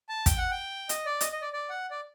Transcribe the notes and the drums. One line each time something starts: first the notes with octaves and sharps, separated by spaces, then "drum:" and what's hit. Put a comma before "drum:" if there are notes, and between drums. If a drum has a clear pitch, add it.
A5
G5, drum: kick, hi-hat
F#5
G5
D#5, drum: hi-hat
D5
D#5, drum: hi-hat
D#5
D5
D5
F#5
D5